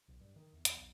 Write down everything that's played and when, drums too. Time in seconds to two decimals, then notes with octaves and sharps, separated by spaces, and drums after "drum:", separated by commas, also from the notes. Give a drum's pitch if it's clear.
0.08 B1
0.21 G2
0.36 D#3
0.53 E2
0.65 E2, drum: hi-hat
0.77 B1